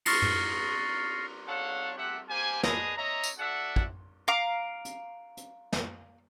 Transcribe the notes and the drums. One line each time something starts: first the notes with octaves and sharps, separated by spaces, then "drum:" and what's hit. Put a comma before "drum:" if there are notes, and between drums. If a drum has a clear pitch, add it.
C#6 F6 A6 A#6 C7 C#7, drum: cymbal
drum: tom
D4 A4 C#5 F5 F#5
A3 G4 E5 F#5
A#3 G4 C5 G#5
D4 G#4 B4 D#5 A#5 D#6, drum: snare
C#5 D#5 E5 A#5
drum: tambourine
F#4 A4 D5 E5 F#5
drum: kick
F5 A#5 D6
drum: hi-hat
drum: hi-hat
drum: snare